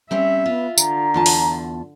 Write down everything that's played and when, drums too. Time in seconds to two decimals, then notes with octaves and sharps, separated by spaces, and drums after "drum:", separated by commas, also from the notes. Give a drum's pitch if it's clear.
0.11 G3 C4 C#4 E5
0.46 B3 F4
0.78 D3 A#5, drum: tambourine
1.14 E2 F4 A5
1.26 drum: open hi-hat